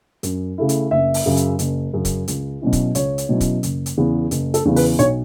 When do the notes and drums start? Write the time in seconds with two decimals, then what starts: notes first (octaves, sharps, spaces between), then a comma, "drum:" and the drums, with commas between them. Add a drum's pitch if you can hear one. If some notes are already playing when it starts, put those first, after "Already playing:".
0.23 F#2, drum: hi-hat
0.58 C#3 A3 E4
0.69 drum: hi-hat
0.91 F#1 E5
1.14 drum: open hi-hat
1.26 F#2 C#3
1.37 drum: hi-hat
1.59 F#1, drum: hi-hat
1.93 F#2 C#3
2.05 drum: kick, hi-hat
2.28 C#2, drum: hi-hat
2.61 B2 F#3 C#4 E4
2.73 drum: kick, hi-hat
2.95 C#2 C#5, drum: hi-hat
3.18 drum: hi-hat
3.29 B2 F#3 C#4 E4
3.41 drum: kick, hi-hat
3.63 F#1, drum: hi-hat
3.86 drum: hi-hat
3.97 E2 C#3 E3 B3
4.31 F#1, drum: hi-hat
4.54 A4, drum: hi-hat
4.65 E2 C#3 E3 B3
4.76 B4, drum: open hi-hat
4.99 B1 C#5, drum: hi-hat